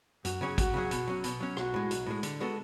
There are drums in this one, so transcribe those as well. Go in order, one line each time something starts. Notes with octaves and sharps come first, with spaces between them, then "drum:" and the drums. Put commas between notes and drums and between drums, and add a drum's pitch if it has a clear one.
F#2 F#4, drum: hi-hat
C#3 F#3 C#4 G#4
F#2 F#4, drum: kick, hi-hat
C#3 F#3 C#4 G#4
B2, drum: hi-hat
F#3 C#4
B2, drum: hi-hat
F#3 C#4
B1 F#4, drum: rim click
A2 G#3
B1, drum: hi-hat
A2 G#3
D3, drum: hi-hat
G#3 B3 F#4 A4